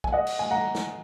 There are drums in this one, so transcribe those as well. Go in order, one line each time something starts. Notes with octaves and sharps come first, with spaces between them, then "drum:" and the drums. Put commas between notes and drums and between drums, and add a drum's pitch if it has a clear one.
G#5, drum: kick
D#5 F#5
drum: cymbal
G#5
F#5 A#5
drum: snare